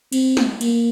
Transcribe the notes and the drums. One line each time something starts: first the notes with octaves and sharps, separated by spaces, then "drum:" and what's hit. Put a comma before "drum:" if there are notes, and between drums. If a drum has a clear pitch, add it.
C4, drum: cymbal
drum: snare
A#3, drum: cymbal